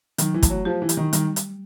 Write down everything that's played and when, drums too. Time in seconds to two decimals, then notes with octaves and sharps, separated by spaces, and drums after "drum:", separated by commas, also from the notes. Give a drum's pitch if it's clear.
0.18 D#3 F#3, drum: hi-hat
0.34 E3
0.43 A3, drum: kick, hi-hat
0.50 F#3
0.65 F3 G4
0.82 E3
0.89 G4, drum: hi-hat
0.97 D#3
1.13 D#3 G3, drum: hi-hat
1.36 drum: hi-hat